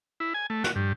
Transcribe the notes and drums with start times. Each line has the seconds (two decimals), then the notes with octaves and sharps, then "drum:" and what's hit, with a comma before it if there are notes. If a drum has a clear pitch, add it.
0.20 E4
0.34 G#5
0.50 A3
0.64 F#4, drum: snare
0.76 G2